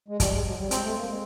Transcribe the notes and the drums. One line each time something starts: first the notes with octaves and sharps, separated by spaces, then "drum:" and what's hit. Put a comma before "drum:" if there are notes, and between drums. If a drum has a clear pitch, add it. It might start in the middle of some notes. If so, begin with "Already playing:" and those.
G#3
G3, drum: kick, hi-hat
G#3
F#3
G3
G#3 C4, drum: hi-hat
A3
A#3
G#3